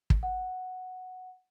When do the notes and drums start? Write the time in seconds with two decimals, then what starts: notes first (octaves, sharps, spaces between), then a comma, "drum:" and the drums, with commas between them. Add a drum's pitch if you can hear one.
0.10 drum: kick
0.23 F#5